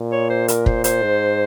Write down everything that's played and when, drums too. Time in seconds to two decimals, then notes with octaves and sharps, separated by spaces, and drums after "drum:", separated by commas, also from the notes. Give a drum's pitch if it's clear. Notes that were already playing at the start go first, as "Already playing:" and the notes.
Already playing: A#2
0.12 C#5
0.30 C5
0.48 A#4, drum: hi-hat
0.66 C5, drum: kick
0.84 C5, drum: hi-hat
1.03 G#2